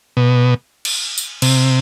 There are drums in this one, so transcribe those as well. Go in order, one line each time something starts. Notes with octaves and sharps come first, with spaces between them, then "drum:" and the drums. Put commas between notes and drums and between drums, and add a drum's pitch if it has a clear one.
B2
drum: cymbal
drum: tambourine
C3, drum: cymbal